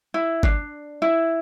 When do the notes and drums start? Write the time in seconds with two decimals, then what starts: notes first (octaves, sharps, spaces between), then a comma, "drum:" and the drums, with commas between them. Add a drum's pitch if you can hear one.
0.14 E4
0.43 D4, drum: kick
1.02 E4